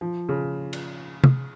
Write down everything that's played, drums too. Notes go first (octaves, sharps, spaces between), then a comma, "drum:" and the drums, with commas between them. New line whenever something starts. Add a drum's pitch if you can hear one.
F3
C#3
drum: cymbal
drum: tom C3